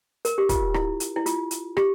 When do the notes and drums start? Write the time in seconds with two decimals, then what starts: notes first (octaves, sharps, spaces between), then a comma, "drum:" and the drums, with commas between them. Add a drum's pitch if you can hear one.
0.25 A#4, drum: hi-hat
0.38 G4
0.49 F4, drum: kick, hi-hat
0.74 E4, drum: rim click
1.00 drum: hi-hat
1.16 E4
1.26 F4, drum: hi-hat
1.51 drum: hi-hat
1.77 G4, drum: rim click